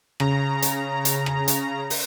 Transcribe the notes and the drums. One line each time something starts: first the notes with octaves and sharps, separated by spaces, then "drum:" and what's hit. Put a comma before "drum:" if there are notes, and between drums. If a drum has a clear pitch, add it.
C#3 A#5, drum: rim click
drum: hi-hat
drum: hi-hat
drum: rim click
drum: hi-hat
drum: open hi-hat